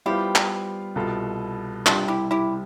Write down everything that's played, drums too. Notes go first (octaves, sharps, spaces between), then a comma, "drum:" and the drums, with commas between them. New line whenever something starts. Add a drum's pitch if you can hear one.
G3 B3 E4 F4 G4 C5 F5
drum: clap
C2 B2 B3 F4 A4
C2 C3 G3 C4 D4 F4, drum: clap
E4 G4
E4 G4